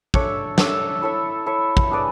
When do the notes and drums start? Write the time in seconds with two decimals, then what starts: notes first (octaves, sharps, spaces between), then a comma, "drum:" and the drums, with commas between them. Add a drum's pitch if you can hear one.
0.14 D4 A4 C#5 E5, drum: kick
0.58 D4 A4 C#5 E5, drum: snare
1.02 E4 A4 C#5 E5
1.46 E4 A4 C#5 E5
1.77 drum: kick
1.91 D4 G#4 B4 D5